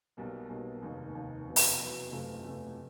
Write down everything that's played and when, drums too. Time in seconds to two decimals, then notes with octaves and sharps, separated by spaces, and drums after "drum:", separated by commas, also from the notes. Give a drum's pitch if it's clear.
0.17 B1 B2 G3 A#3
0.50 B1 B2 G3 A#3
0.82 F1 D#2 D#3 G#3
1.15 F1 D#2 D#3 G#3
1.47 F1 E2 B2 F#3
1.56 drum: open hi-hat
1.79 F1 E2 B2 F#3
2.11 F#1 E2 C3 F3 A3
2.44 F#1 E2 C3 F3 A3